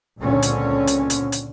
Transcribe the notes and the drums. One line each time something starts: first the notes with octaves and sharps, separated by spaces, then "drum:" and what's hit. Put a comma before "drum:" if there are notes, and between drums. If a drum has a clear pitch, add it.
C#2 A#2 D3 C4 C#4
drum: hi-hat
drum: hi-hat
drum: hi-hat
drum: hi-hat